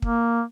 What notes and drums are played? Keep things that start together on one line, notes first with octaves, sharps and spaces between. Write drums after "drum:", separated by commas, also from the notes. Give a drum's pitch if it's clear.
A#3, drum: kick